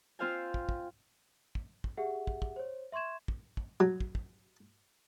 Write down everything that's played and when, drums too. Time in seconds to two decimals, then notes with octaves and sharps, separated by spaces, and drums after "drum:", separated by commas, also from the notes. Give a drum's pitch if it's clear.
0.19 C4 F4 C5 F5 G5 G#5
0.54 drum: kick
0.69 drum: kick
1.55 drum: kick
1.84 drum: kick
1.97 G4 G#4 E5 F#5
2.27 drum: kick
2.42 drum: kick
2.56 C5 C#5
2.92 E5 C6 C#6 G#6 E7
3.28 drum: kick
3.57 drum: kick
3.80 F#3
4.00 drum: kick
4.15 drum: kick